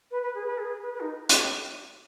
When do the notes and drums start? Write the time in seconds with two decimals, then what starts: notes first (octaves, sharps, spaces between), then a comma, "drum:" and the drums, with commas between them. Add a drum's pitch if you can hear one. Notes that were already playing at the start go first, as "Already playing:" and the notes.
0.11 B4
0.22 B4
0.35 G#4
0.46 B4
0.58 G#4
0.83 B4
0.94 B4
1.00 D#4
1.29 drum: hi-hat